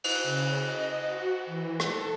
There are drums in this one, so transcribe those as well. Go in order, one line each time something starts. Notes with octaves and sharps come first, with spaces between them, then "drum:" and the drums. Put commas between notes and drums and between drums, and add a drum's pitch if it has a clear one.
drum: cymbal
C#3
D#5
F#4
E3
A4, drum: rim click